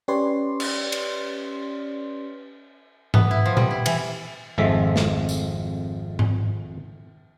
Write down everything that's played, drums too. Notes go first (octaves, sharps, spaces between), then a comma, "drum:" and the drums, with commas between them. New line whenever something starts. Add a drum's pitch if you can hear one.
C#4 G4 B4 C#5 D5 C6
drum: cymbal
drum: cymbal
B3, drum: tom G#2
E4
F3
G3, drum: tom A#2
E4
E3, drum: cymbal
G#1 F2 F3 G#3 A3 E5
drum: snare
drum: tambourine
drum: tom G#2